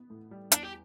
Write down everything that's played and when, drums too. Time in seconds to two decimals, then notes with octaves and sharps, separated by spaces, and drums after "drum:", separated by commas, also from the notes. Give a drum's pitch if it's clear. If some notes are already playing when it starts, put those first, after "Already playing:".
Already playing: E3 B3
0.10 A2
0.31 G3
0.52 E2 D4, drum: hi-hat
0.63 G4